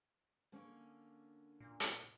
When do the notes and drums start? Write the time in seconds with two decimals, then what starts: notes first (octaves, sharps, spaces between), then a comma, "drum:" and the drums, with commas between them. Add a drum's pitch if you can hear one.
0.52 D3 A#3 C#4
1.60 A#2
1.80 drum: hi-hat